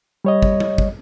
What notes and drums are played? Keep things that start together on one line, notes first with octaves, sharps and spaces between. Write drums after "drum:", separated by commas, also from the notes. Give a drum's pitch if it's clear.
G3 C#5 D#5
drum: kick
drum: tom
drum: kick